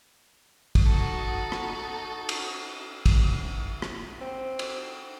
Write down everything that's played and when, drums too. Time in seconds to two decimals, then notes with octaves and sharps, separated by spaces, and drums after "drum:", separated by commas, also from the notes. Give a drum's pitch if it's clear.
0.75 drum: kick, cymbal
0.86 D#4 F#4 A4
1.52 drum: rim click
2.29 drum: cymbal
3.06 drum: kick, cymbal
3.82 drum: rim click
4.21 C4
4.59 drum: cymbal